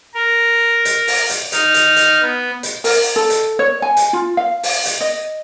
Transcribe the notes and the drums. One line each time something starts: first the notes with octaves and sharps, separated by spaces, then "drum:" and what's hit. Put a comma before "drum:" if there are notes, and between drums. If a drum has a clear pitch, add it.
A#4
drum: hi-hat
drum: open hi-hat
drum: hi-hat
D#4 F6, drum: hi-hat
drum: hi-hat
drum: hi-hat
B3
drum: hi-hat
A#4, drum: open hi-hat
A4
drum: hi-hat
C#5
G#5
drum: hi-hat
F4
F5
drum: open hi-hat
drum: hi-hat
D#5